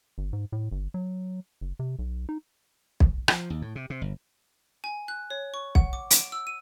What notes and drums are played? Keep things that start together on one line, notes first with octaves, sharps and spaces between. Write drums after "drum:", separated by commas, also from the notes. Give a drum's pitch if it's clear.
G1
G#2
A2
G1
F#3
F#1
C3
B1
D#4
drum: kick B1
F3, drum: rim click
D#2
A2
C3
C3
G1
G#5
F#6
C#5
C#6
F#5, drum: kick B1
D6
D7, drum: hi-hat
E6
D#7